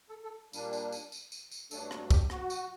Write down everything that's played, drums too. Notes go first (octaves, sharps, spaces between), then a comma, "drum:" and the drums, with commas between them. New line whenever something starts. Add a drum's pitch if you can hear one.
A4
A4
A#2 G3 A#3 D4, drum: tambourine
drum: tambourine
drum: tambourine
drum: tambourine
drum: tambourine
drum: tambourine
G2 F#3 A3 D4 A4, drum: tambourine
drum: rim click
G4, drum: kick, tambourine
F#4, drum: rim click
drum: tambourine